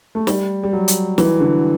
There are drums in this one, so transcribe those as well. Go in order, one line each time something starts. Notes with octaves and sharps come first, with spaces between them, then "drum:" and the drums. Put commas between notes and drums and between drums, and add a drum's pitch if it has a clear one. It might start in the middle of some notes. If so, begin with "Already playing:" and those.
A3
G3, drum: snare
G3
F#3
drum: hi-hat
E3, drum: snare
D3